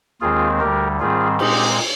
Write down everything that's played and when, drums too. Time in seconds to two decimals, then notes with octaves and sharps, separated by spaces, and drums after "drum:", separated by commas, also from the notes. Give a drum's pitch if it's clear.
0.21 D#2 D#3 G#3 C4 F4 G#4
0.60 D2 D3 G3 G4 A#4
1.00 G#2 D#3 G3 C4 F4 G#4
1.39 A#2 G#3 C4 D#4 G4, drum: cymbal